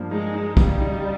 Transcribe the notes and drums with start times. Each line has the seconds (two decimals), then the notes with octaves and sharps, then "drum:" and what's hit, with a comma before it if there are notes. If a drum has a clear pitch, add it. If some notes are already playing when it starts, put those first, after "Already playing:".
Already playing: G2 F3 A#3
0.11 G#3 D#4
0.34 D#4
0.57 C#3 G3, drum: kick
0.81 D#4